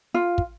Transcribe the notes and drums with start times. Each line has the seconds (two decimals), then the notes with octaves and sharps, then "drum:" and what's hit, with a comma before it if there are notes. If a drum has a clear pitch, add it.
0.14 F4
0.38 drum: kick